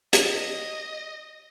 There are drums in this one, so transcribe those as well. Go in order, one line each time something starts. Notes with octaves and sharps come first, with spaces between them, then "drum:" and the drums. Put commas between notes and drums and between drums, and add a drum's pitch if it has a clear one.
D#5, drum: hi-hat